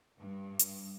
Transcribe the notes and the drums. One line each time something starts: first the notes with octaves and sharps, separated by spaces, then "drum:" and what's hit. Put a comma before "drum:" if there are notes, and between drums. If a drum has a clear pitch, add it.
G2
drum: hi-hat